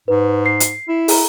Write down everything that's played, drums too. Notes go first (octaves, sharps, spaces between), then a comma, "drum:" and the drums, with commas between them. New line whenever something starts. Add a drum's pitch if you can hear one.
G#2 B4
C7
drum: hi-hat
E4
G#4 A#5, drum: open hi-hat